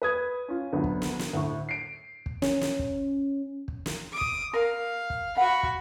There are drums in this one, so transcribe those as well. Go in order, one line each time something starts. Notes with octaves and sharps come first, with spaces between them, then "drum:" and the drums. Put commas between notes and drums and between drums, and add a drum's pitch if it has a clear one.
B4 D#6 G#6
C#4 F4
D2 D3 F#3 B3
drum: kick
drum: snare
drum: snare
D2 A2 C#6
C7 D7
drum: kick
C#4, drum: snare
drum: snare
drum: kick
drum: kick
drum: snare
D6 D#6
drum: kick
A#4 F5
drum: kick
F#4 F5 F#5 B5
drum: kick